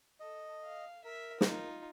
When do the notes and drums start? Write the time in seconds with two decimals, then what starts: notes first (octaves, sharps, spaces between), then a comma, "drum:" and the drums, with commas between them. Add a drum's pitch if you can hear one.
0.20 A4 D#5
0.64 F5
1.05 A#4 E5
1.41 D#4 F4, drum: snare